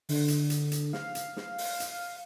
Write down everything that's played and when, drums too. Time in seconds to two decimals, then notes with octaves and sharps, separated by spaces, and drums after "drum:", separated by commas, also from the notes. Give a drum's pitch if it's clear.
0.09 D3, drum: open hi-hat
0.28 drum: hi-hat
0.50 drum: hi-hat
0.72 drum: hi-hat
0.93 F5, drum: snare
1.15 drum: hi-hat
1.37 drum: snare
1.58 drum: open hi-hat
1.80 drum: hi-hat